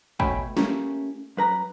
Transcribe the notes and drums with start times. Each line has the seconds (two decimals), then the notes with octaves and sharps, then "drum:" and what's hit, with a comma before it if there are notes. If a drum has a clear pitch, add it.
0.20 B2 A3 C#5 G5 G#5 B5, drum: kick
0.57 A3 A#3 C#4 E4 G4, drum: snare
1.37 F#2 B4 A#5